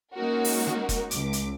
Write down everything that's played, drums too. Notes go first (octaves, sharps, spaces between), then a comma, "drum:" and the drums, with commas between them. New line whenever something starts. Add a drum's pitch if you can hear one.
G#3 A#3 C#4 D#4 F#4 A#4
drum: open hi-hat
drum: snare
drum: kick F1, hi-hat
C#2 D6, drum: hi-hat
drum: hi-hat